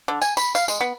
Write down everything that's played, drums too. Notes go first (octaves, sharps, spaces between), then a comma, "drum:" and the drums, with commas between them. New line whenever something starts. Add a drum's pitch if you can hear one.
D3
G#5, drum: tambourine
B5, drum: tambourine
F5, drum: tambourine
G#3, drum: tambourine
B3